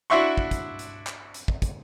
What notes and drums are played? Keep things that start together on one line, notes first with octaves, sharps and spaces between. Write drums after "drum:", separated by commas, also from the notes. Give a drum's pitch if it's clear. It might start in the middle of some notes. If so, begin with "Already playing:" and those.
D4 E4 F#4 E5 C6 C#6
drum: kick
drum: kick, hi-hat
drum: hi-hat
drum: clap
drum: hi-hat
drum: kick
drum: kick, hi-hat